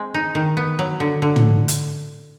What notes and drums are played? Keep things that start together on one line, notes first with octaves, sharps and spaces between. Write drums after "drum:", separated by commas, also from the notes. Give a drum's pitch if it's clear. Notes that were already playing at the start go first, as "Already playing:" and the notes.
Already playing: G#3 C4
D#4
D#3
B3
F#3
D3
D3
drum: tom
drum: hi-hat